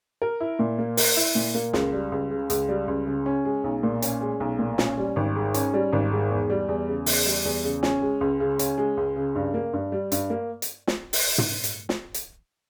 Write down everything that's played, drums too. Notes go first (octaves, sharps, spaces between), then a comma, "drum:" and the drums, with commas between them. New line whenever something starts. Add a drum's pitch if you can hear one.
A#4
E4
A#2
A#3
A#4, drum: open hi-hat
E4
A#2
A#3
C#2, drum: snare
G3
C#2
C#3
C#2, drum: hi-hat
G3
C#2
C#3
C#4
G#3
B1
A#2
C#4, drum: hi-hat
G#3
B1
A#2
C#4, drum: snare
G3
G#1
G#2
C#4, drum: hi-hat
G3
G#1
G#2
E2
G3
E2
C#3
E2, drum: open hi-hat
G3
E2
C#3
C#4, drum: snare
G#3
C#2
C#3
C#4, drum: hi-hat
G#3
C#2
C#3
G2
A#3
G2
G3
G2, drum: hi-hat
A#3
drum: hi-hat
drum: snare
drum: open hi-hat
drum: tom
drum: hi-hat
drum: snare
drum: hi-hat